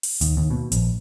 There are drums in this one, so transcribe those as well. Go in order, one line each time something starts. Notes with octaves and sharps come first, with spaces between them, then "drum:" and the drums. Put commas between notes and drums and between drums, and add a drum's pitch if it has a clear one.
drum: open hi-hat
D#2, drum: hi-hat
D#2
B2
A#1, drum: hi-hat